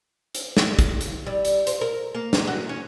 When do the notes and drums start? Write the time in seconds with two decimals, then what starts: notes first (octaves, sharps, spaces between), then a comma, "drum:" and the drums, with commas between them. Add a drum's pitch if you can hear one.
0.35 drum: hi-hat
0.57 drum: snare
0.79 drum: kick, hi-hat
1.01 drum: hi-hat
1.27 G3
1.45 drum: hi-hat
1.67 C5, drum: hi-hat
1.81 A#4
2.15 A#3
2.33 drum: snare
2.47 F#4
2.69 C#4